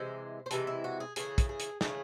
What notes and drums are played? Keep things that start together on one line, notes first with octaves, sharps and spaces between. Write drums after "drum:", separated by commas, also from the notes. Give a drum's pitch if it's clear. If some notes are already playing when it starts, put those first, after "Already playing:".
Already playing: C3 E3 G#3 C5
C5
C3 E3 G#3 A4, drum: hi-hat
E4
F#4
G#4
C#3 E3 A3 G#4, drum: hi-hat
drum: kick, hi-hat
G#4
drum: hi-hat
C#3 E3 A3 G#4, drum: snare